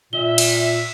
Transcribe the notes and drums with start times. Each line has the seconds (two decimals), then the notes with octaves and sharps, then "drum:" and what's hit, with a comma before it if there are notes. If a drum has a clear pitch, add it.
0.13 A#2 E5 G7
0.38 drum: cymbal